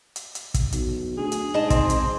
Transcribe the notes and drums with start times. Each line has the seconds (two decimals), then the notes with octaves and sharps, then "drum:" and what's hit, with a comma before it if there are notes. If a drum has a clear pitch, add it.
0.16 drum: hi-hat
0.35 drum: hi-hat
0.54 drum: kick, hi-hat
0.72 B1, drum: hi-hat
1.17 D2 G#4
1.32 drum: hi-hat
1.54 G#2 D#5 A5
1.70 C4, drum: kick, hi-hat
1.90 drum: hi-hat